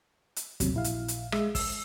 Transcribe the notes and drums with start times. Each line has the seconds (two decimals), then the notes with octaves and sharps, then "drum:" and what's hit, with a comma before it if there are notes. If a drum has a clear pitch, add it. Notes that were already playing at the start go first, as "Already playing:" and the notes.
0.36 drum: hi-hat
0.60 D#2 C3 F#3, drum: kick, hi-hat
0.74 A#1 E4 F5
0.84 drum: hi-hat
1.08 drum: hi-hat
1.32 G#3 E5, drum: rim click
1.55 E6, drum: kick, open hi-hat